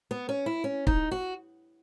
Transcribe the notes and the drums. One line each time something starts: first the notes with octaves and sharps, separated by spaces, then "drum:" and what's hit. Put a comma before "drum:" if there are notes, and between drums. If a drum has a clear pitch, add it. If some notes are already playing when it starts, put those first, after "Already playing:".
B3
C#4
E4
C#4
D#4, drum: kick
F#4